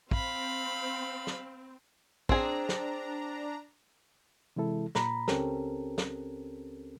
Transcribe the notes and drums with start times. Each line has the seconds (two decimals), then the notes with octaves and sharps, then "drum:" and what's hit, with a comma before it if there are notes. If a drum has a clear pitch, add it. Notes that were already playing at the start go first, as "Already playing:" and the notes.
0.11 C4 F5 B5, drum: kick
1.27 drum: snare
2.29 C4 D4 G#4 A#5, drum: kick
2.69 drum: snare
4.56 C3 E3 G#3 E4 A4
4.95 A#2 A#5 B5, drum: snare
5.28 C#2 C4 C#4 G4 A4 A#4, drum: snare
5.98 drum: snare